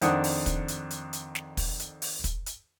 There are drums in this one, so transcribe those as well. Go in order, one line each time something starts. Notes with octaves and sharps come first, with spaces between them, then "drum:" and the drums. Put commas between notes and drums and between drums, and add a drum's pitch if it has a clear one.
F2 D#3 D4 F#5 D#6, drum: hi-hat
drum: open hi-hat
drum: kick, hi-hat
drum: hi-hat
drum: hi-hat
drum: hi-hat
drum: snare
drum: kick, open hi-hat
drum: hi-hat
drum: open hi-hat
drum: kick, hi-hat
drum: hi-hat